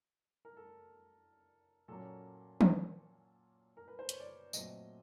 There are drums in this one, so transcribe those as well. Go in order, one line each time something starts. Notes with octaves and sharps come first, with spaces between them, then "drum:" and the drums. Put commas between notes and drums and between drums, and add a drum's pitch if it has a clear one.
A#4
A4
A#2 F#3 A#3 C#4 A4
drum: tom
A#4
B4
C5
C#5, drum: hi-hat
D5
A#2 F#3 A3 C4 D#5, drum: tambourine